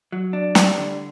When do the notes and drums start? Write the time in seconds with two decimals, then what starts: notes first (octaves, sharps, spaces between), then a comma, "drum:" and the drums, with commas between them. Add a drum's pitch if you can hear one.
0.12 F#3
0.33 D4
0.55 G3, drum: snare
0.78 D3